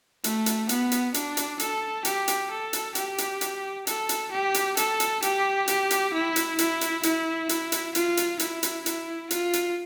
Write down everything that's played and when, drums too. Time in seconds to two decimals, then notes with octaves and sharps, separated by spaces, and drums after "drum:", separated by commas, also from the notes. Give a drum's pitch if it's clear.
0.24 A3, drum: hi-hat
0.46 drum: hi-hat
0.69 B3, drum: hi-hat
0.92 drum: hi-hat
1.14 D4, drum: hi-hat
1.37 drum: hi-hat
1.60 A4, drum: hi-hat
2.05 G4, drum: hi-hat
2.28 drum: hi-hat
2.51 A4
2.73 drum: hi-hat
2.95 G4, drum: hi-hat
3.18 drum: hi-hat
3.41 drum: hi-hat
3.87 A4, drum: hi-hat
4.09 drum: hi-hat
4.31 G4
4.54 drum: hi-hat
4.77 A4, drum: hi-hat
5.00 drum: hi-hat
5.22 G4, drum: hi-hat
5.68 G4, drum: hi-hat
5.91 drum: hi-hat
6.13 E4
6.36 drum: hi-hat
6.59 E4, drum: hi-hat
6.81 drum: hi-hat
7.03 E4, drum: hi-hat
7.49 E4, drum: hi-hat
7.72 drum: hi-hat
7.95 F4, drum: hi-hat
8.17 drum: hi-hat
8.39 E4, drum: hi-hat
8.63 drum: hi-hat
8.86 E4, drum: hi-hat
9.31 F4, drum: hi-hat
9.53 drum: hi-hat